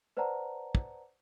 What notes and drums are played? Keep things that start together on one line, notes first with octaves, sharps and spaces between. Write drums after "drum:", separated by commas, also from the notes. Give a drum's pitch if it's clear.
B4 C5 D5 F#5 A5 A#5
drum: kick